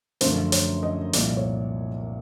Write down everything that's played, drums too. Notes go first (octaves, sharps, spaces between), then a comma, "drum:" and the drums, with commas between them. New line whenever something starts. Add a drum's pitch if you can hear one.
F#2 D3 F3 A3 C5, drum: hi-hat
C#5, drum: hi-hat
D#5
C2 A#2 F3 A#3 D5, drum: hi-hat
C#5